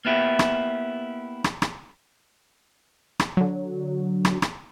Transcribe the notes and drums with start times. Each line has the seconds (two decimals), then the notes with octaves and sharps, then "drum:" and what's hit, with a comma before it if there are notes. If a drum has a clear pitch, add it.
0.05 A#3 B3 E4 G4
0.39 drum: rim click
1.44 drum: rim click
1.62 drum: rim click
3.20 drum: rim click
3.37 D3 F#3
4.25 drum: rim click
4.42 drum: rim click